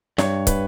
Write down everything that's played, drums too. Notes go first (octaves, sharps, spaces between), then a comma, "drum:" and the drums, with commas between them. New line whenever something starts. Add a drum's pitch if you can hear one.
G2 C#5, drum: snare
B4, drum: kick, hi-hat